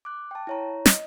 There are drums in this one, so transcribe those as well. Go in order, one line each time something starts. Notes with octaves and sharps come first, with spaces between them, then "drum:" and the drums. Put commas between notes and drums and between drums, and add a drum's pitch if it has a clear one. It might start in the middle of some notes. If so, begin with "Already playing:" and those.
D6 F#6
G5 A5
E4 C#5 A#5
D#5, drum: snare